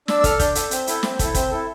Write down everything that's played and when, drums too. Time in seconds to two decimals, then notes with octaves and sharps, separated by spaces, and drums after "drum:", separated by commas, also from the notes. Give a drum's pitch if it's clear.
0.08 D4 E6, drum: snare
0.20 E6
0.24 A4 F6, drum: kick, hi-hat
0.40 D4 G6, drum: kick, hi-hat
0.55 A4, drum: hi-hat
0.71 C4, drum: hi-hat
0.87 E4 A4, drum: hi-hat
1.03 C4, drum: snare
1.19 E4 A4, drum: kick, hi-hat
1.35 C4 G6, drum: kick, hi-hat
1.51 E4 A4